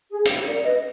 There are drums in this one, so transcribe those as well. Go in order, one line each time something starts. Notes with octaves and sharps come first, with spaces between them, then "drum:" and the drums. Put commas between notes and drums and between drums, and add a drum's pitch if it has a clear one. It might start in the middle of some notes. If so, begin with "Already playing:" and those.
G#4
drum: hi-hat
A#4 D5
B4 D#5